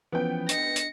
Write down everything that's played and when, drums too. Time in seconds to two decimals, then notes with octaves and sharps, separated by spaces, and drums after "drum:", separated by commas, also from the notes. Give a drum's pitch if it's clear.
0.12 E3 F3 B3 C#4 G5
0.49 D4 D#5 A#6 C#7, drum: hi-hat
0.76 drum: hi-hat